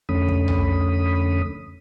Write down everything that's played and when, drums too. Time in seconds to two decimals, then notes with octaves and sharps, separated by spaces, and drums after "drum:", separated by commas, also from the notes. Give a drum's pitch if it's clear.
0.09 F2 D3 A3 C#4 B5 D#6
0.28 drum: kick
0.48 drum: tom B1